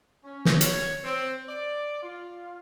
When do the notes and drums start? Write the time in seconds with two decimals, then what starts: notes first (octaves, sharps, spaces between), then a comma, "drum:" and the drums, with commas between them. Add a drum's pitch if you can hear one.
0.24 C#4
0.45 drum: snare
0.61 C#5, drum: hi-hat
1.04 C4
1.49 D5
2.03 F4